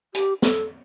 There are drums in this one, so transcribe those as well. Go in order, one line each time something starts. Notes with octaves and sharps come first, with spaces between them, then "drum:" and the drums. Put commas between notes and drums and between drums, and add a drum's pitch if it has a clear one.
G4, drum: hi-hat
A4, drum: snare